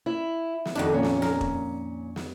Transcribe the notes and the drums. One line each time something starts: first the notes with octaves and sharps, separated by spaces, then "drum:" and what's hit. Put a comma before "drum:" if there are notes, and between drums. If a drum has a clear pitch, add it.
E4
drum: snare
F2 D#3 D4 D#4 F#4
A#2 C#4
drum: snare
A#4, drum: snare
drum: kick E1
drum: snare